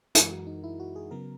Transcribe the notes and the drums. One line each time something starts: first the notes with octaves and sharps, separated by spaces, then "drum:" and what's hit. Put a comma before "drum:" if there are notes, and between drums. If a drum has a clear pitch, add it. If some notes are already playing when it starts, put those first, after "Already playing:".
F#2 E3 G#3 A#4, drum: hi-hat
F#4
D#4
E4
F#4
G#4
C#3 F#3 B3 A#4